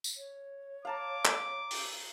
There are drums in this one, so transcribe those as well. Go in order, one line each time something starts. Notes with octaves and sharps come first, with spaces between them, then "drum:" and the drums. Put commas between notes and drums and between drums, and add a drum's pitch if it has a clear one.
drum: tambourine
C#5
F5 A5 A#5 D6
drum: clap
drum: open hi-hat